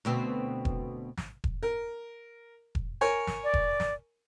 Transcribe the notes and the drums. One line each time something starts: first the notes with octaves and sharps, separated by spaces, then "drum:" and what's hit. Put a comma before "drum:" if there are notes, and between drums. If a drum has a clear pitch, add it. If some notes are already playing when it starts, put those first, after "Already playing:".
D2 B2 C4
drum: kick E1
drum: snare
drum: kick E1
A#4
drum: kick E1
A#4 C#5 G#5
drum: snare
D5
drum: kick E1
drum: snare